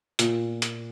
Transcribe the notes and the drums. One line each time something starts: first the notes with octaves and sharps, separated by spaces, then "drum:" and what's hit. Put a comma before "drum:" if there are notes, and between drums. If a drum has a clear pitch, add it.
A#2, drum: hi-hat
drum: hi-hat